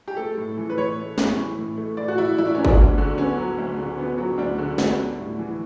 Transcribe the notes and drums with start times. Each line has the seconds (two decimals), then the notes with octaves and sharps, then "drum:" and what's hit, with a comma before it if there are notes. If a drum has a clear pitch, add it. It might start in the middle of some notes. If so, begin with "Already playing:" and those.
0.08 G4
0.17 A3 A4
0.38 A2
0.57 E3
0.70 B4
0.77 A2 C#5
0.97 A3
1.18 A2, drum: snare
1.37 E3
1.58 A2
1.77 A3
1.97 A2 D5
2.08 F#4
2.18 E3 E4
2.38 A2 E4
2.47 D4
2.55 F#3 C#4
2.65 D4, drum: kick G1
2.78 D2
2.98 D3
3.17 B3 C#4
3.37 F#3
3.58 D2
3.78 D3
3.98 B3
4.18 F#3
4.38 D2 D4
4.58 D3
4.78 B3, drum: snare
4.98 G3
5.18 A2
5.39 E3